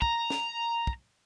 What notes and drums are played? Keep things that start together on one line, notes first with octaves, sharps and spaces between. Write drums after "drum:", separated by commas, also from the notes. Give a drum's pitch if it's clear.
A#5, drum: kick
drum: snare
drum: kick